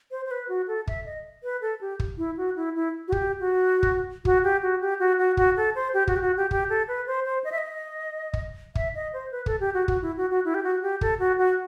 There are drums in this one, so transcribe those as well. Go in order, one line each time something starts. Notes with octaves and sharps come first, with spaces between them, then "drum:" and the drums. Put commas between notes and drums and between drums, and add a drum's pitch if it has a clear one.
C5
C5
B4
F#4
A4
E5, drum: kick
D#5
B4
A4
G4
drum: kick
E4
F#4
E4
E4
F#4
G4, drum: kick
F#4
drum: kick
F#4, drum: kick
G4
F#4
G4
F#4
F#4
F#4, drum: kick
A4
C5
G4
F#4, drum: kick
G4
F#4
G4
G4, drum: kick
A4
B4
C5
C5
D#5
E5
D#5
drum: kick
E5, drum: kick
D#5
C5
B4
A4, drum: kick
G4
F#4
F#4, drum: kick
E4
F#4
F#4
E4
G4
F#4
G4
A4, drum: kick
F#4
F#4